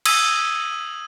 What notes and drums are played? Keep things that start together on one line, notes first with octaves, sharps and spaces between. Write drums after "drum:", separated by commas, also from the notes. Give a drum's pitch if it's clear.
D#6 E6 G#6 D#7, drum: cymbal